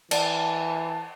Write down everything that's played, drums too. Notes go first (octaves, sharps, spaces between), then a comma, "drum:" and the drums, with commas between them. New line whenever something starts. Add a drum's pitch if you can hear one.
E3 D5 A5, drum: cymbal